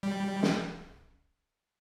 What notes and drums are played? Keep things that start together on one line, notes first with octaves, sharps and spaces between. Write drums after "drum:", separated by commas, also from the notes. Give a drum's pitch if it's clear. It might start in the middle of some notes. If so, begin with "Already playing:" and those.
G3
drum: snare